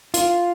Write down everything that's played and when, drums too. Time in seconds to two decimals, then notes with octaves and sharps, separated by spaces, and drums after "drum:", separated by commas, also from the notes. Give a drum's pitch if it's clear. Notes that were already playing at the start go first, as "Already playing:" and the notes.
0.14 F4, drum: hi-hat